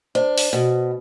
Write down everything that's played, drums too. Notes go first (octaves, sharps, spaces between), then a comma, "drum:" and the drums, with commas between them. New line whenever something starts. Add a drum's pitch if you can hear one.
D4 C5
drum: open hi-hat
B2